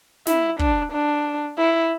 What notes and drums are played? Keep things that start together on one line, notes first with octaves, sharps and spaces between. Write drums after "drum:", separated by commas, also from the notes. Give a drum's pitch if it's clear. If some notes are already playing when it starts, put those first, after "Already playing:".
E4, drum: snare
D4, drum: kick
D4
E4